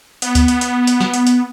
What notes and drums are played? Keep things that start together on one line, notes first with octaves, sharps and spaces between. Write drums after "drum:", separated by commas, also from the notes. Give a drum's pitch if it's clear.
B3, drum: hi-hat
drum: kick D2, hi-hat
drum: hi-hat
drum: hi-hat
drum: hi-hat
drum: snare
drum: hi-hat
drum: hi-hat